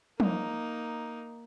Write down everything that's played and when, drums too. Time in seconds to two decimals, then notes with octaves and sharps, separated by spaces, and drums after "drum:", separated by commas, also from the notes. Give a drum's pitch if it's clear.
0.20 A#3 D#4, drum: tom